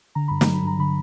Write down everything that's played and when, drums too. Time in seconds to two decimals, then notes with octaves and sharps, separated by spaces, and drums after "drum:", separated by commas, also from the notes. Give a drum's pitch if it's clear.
0.15 D3 A#5
0.28 G2 B5
0.41 A#5, drum: snare
0.47 F#3
0.54 B5
0.63 G2 A#5
0.79 D3 B5